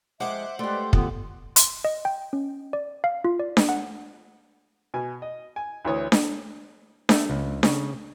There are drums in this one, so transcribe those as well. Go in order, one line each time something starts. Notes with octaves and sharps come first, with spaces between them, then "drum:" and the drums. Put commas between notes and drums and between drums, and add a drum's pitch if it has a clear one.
F2 G#3 C5 E5 F#5 D6
G#3 A3 G4 B4 D5 C6
D3 B3 F4, drum: kick
C6, drum: hi-hat
D#5
G5
C#4
D5
F5
F4
D5
drum: snare D4
F#5
B2 G#5
D#5
G#5
D2 E3 C#5 D#6
drum: snare D4
A3, drum: snare D4
C#2
C#3, drum: snare D4